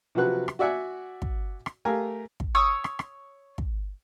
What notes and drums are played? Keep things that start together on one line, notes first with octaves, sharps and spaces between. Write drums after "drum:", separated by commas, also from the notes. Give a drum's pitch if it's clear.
C3 F3 F#3 F#4 B4 F#6
drum: rim click
F#4 D5 E5 F#5 G#5
drum: kick
drum: rim click
A3 G4 A#4 F5 G#5 A#5
drum: kick
C#5 C#6 D#6 E6
drum: rim click
drum: rim click
drum: kick